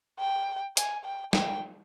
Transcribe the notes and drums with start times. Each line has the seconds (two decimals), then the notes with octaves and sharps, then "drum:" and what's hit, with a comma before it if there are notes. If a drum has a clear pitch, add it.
0.20 G5
0.77 G#5, drum: hi-hat
1.05 G5
1.33 G5, drum: snare